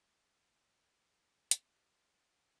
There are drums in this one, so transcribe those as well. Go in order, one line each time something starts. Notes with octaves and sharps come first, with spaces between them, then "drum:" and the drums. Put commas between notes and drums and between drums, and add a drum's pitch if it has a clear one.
F3 E5
C3
C#5
F3 C5
F3
A2
A2
E3 B4, drum: hi-hat
A2
F3
F3